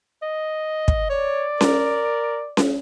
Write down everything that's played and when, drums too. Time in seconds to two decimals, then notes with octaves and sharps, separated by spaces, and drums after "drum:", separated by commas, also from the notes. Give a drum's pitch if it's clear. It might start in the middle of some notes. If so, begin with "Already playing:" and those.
0.22 D#5
0.88 drum: kick
1.10 C#5 D5
1.61 A#4, drum: snare C#4
2.57 drum: snare C#4